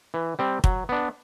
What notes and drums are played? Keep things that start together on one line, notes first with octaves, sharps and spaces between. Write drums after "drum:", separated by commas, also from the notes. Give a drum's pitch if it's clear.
E3
G3 C4
F#3, drum: kick
B3 D4